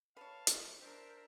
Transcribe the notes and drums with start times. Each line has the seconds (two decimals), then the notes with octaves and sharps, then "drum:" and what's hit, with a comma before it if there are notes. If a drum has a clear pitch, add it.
0.17 B4 C#5 F5 A5
0.47 drum: hi-hat
0.80 D4 A#4 C5 E5